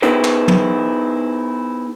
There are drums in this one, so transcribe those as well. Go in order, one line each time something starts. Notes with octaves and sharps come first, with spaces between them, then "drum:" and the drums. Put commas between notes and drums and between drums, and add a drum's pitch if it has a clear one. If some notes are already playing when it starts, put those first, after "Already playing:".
B3 D#4 E4 G#4 B4 C5, drum: hi-hat
drum: clap
drum: tom